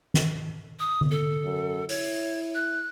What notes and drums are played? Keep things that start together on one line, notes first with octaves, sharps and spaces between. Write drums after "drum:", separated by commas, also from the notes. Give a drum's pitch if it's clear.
drum: snare
D#6
drum: tom D3
A4
F#2
E4 C#5, drum: open hi-hat
F#6